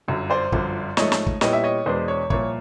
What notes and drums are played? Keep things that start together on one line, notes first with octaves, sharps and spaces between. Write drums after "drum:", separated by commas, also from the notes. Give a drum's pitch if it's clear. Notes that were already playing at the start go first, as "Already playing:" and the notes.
G1 F#2 D3
C5 D5
G1 F#2 D3 F3, drum: kick
G#2 F3 A3 C#5 D#5, drum: snare
drum: snare
drum: kick
A#2 G3 B3 E4 C#5 D#5, drum: snare
E5
C#5 D#5
E2 B2 G#3 B3 D4 C5
C#5
C2 A#2 F3 A#3 C#5, drum: kick